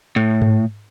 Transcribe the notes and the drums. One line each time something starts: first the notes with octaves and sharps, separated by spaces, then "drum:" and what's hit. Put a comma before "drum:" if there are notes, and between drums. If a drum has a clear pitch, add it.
A2
drum: tom G#2